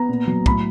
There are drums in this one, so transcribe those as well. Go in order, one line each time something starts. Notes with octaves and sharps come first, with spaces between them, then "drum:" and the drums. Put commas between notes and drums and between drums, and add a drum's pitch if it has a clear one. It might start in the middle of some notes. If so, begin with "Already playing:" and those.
Already playing: B3 A#5
A#2
F#3
A2 B5, drum: kick